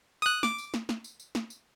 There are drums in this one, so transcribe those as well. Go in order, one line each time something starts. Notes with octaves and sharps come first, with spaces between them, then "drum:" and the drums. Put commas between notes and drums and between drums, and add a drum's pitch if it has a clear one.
D#6 F#6
D6, drum: snare
drum: tambourine
drum: snare
drum: snare
drum: tambourine
drum: tambourine
drum: snare
drum: tambourine